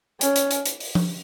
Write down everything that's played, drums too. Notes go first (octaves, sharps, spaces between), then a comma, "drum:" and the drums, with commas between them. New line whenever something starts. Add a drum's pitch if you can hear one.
C#4, drum: hi-hat
drum: hi-hat
drum: hi-hat
drum: hi-hat
drum: open hi-hat
drum: tom F3